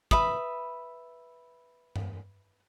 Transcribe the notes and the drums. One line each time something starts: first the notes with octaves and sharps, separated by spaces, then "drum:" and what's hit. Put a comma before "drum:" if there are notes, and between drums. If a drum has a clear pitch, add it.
B4 E5 B5 D#6, drum: kick
drum: tom G2